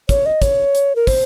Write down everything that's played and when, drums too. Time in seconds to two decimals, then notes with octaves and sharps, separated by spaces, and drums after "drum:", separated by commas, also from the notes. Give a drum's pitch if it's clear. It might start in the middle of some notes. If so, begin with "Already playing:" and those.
0.09 C#5, drum: kick, hi-hat
0.26 D#5
0.42 C#5, drum: kick, hi-hat
0.75 drum: hi-hat
0.96 A#4
1.07 C5, drum: kick, open hi-hat